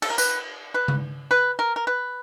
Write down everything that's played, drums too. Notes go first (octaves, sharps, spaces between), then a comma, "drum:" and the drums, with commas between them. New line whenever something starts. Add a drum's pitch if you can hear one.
A4, drum: cymbal
A#4
B4, drum: tambourine
B4
drum: tom C#3
B4
A#4
A#4
B4